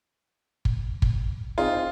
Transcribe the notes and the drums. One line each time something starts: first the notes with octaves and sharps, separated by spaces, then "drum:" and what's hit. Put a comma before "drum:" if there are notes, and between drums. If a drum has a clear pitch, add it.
drum: kick
drum: kick
C4 D#4 F4 G#4